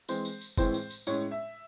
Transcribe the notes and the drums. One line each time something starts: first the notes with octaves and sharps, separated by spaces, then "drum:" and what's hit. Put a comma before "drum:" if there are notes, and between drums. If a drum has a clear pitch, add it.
E3 G#3 C4 C5, drum: tambourine
drum: tambourine
drum: tambourine
A2 E3 G#3 C4 C5, drum: kick F#1, tambourine
drum: tambourine
drum: tambourine
A2 G#3 C#4 C#5, drum: tambourine
E5